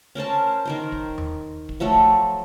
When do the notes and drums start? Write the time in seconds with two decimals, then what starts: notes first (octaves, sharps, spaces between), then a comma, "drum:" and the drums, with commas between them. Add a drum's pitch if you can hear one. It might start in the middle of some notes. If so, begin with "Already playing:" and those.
0.15 C#4 A#4 C5 A5
0.65 D#3 A#4 C5
0.92 drum: kick
1.18 drum: tom D#2
1.69 drum: kick
1.80 F3 F#3 A3 A4
1.94 drum: kick